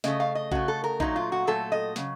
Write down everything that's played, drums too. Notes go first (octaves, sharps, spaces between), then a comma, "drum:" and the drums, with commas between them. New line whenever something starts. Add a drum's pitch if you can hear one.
C#3 A3 D#5, drum: snare
F5
D#5
C#3 A3 F#4, drum: kick
A4
A#4
A#2 F#3 A3 D#4, drum: kick
F4
F#4
A#2 F#3 A3 A4
D#5
C#3 F#3, drum: snare